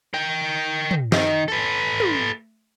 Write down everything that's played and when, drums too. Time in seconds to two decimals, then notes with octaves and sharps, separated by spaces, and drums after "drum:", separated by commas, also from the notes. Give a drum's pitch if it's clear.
0.14 A#4 G5
0.91 drum: tom
1.12 D#3, drum: snare
1.48 A4 B4
2.00 drum: tom